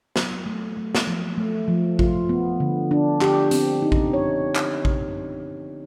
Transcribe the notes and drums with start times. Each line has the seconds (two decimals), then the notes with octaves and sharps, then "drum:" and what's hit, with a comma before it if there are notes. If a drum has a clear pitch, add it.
0.16 F#3, drum: snare
0.46 A3
0.77 A3
0.95 drum: snare
1.07 F3
1.38 A3
1.68 F3
1.99 F4, drum: kick A1
2.29 B3
2.60 D3
2.91 D4
3.21 G4, drum: clap
3.51 C4, drum: hi-hat
3.82 D#4
3.92 drum: kick A1
4.14 C#5
4.56 drum: clap
4.85 drum: kick A1